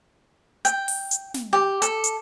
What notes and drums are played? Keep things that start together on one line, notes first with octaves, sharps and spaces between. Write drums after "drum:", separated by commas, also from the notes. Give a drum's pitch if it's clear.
G5, drum: hi-hat
drum: open hi-hat
drum: hi-hat
drum: snare
G4
A4, drum: hi-hat
drum: hi-hat